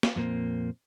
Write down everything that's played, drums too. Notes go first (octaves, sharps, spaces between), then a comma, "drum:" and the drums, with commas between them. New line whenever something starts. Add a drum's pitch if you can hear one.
drum: snare
F2 A#2 A#3 C4